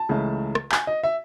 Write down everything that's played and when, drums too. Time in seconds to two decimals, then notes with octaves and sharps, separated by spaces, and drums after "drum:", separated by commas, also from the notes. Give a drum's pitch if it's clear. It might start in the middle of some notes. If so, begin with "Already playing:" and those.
Already playing: A5
0.09 C#2 C#3 E3 A3
0.55 drum: rim click
0.72 G#5, drum: clap
0.87 D#5
1.03 E5